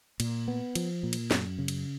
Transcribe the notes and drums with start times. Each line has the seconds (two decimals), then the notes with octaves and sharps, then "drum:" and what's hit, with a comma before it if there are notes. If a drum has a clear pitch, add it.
0.20 A#2, drum: cymbal
0.48 B3
0.75 F3, drum: cymbal
1.03 A#2
1.13 drum: cymbal
1.31 F#2, drum: snare
1.58 C#3
1.68 drum: cymbal